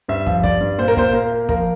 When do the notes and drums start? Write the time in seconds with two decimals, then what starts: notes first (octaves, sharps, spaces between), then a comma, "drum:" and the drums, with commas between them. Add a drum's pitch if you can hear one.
0.08 G2 E5
0.27 F3, drum: kick
0.43 G2 D5, drum: kick
0.61 G2
0.78 A#2 C5
0.88 A#4
0.97 A#2 C5, drum: kick
1.13 A#3 A#4
1.32 A#3
1.49 F3 A#4, drum: kick